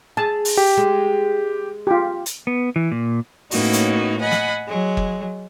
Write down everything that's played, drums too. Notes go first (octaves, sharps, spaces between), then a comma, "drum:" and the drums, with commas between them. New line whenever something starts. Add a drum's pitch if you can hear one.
G#4 A5
drum: open hi-hat
G4
G#3
F4 G4
drum: hi-hat
B3
E3
A#2
A2 A#3 B3 C#4 D#4 F#4, drum: open hi-hat
drum: hi-hat
D#5 F#5 G#5 B5
drum: snare
F#3 G#3
drum: kick F#1